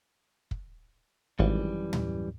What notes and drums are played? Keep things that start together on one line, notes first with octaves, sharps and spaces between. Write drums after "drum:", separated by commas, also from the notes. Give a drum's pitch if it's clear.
drum: kick
G#1 F#2 E3 G3
drum: tom